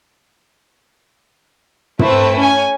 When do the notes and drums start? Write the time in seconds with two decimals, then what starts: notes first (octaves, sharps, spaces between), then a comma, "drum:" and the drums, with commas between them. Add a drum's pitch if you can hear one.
1.99 A3 C4 E4 B4, drum: tom
2.37 C#4 G#5